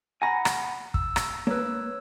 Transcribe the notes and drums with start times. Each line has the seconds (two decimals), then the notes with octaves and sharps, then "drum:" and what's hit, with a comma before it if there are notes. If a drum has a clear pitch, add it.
0.22 F#5 G#5 A#5 B5
0.45 drum: rim click
0.94 E6, drum: kick
1.16 drum: rim click
1.47 A#3 B4 C#5 E6